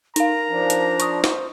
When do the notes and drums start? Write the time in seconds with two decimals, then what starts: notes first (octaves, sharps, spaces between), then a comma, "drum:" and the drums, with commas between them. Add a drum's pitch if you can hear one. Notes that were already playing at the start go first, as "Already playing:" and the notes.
0.16 D#4 A#4 F5 A#5, drum: hi-hat
0.49 F3 D4
0.70 drum: hi-hat
1.00 C5 C#6 D#6, drum: hi-hat
1.24 drum: snare